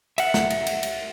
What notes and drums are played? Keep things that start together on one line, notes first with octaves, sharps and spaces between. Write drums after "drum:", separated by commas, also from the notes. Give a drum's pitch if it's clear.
E5 F#5, drum: cymbal
drum: snare
drum: cymbal
drum: cymbal
drum: cymbal